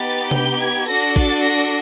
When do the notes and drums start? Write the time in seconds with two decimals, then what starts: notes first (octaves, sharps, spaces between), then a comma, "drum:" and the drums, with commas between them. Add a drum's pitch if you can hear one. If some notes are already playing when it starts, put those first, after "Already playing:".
Already playing: B3 D#4 G4 A6
0.31 G6, drum: tom C3
0.60 G#6
0.88 D4 F#4 A4 A#6
1.16 A6, drum: kick A1
1.44 A#6